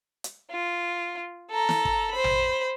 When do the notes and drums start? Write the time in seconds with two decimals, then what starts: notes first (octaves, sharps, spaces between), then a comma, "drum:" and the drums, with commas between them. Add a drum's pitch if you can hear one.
0.24 drum: hi-hat
0.51 F4
1.51 A4 A#5
1.69 drum: snare
1.85 drum: kick
2.11 C5 B5
2.24 drum: tom A#1